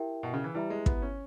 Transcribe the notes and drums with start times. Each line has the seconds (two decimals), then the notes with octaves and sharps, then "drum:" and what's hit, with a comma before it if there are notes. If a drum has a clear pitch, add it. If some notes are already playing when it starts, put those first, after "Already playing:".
Already playing: E4 G4 A#4 E5 G5
0.23 B2
0.33 C#3
0.44 E3
0.55 G3 E4 G4 B4 E5 A#5
0.70 G#3
0.86 B3, drum: kick
1.02 C#4